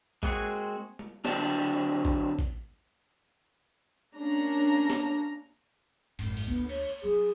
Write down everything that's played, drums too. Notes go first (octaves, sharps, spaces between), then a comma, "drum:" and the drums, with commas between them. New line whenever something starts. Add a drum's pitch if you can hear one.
G#3 A#3 C4 F#4 G#4, drum: kick A#1
drum: tom G#3
D3 F#3 C4 D4, drum: snare
drum: kick A#1
drum: kick A#1
A#3 C#4 D4 A#5
drum: snare
G#1 F#2, drum: cymbal
drum: open hi-hat
D2 A#3 B3
C#5, drum: cymbal
F#3 G#4